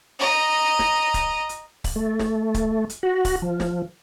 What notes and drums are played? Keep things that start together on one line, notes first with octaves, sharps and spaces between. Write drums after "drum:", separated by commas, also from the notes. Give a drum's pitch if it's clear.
D#5 A#5
drum: snare
drum: kick C#1, hi-hat
drum: hi-hat
drum: kick C#1, open hi-hat
A3
drum: snare
drum: kick C#1, hi-hat
drum: hi-hat
F#4
drum: kick C#1, open hi-hat
F3
drum: snare